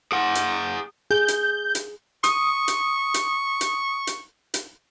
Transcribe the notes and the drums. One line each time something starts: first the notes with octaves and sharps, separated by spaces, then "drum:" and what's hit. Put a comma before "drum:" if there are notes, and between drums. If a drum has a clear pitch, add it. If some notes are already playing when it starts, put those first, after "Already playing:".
G#4 F#5
drum: hi-hat
G#4 G6
drum: hi-hat
drum: hi-hat
C#6 D#6, drum: hi-hat
drum: hi-hat
drum: hi-hat
drum: hi-hat
drum: hi-hat
drum: hi-hat